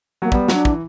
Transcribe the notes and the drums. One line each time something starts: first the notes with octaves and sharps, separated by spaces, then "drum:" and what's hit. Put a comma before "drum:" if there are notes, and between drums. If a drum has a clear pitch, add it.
F#3 A#3
G3 B3, drum: kick
F#3, drum: snare
D4
E3, drum: kick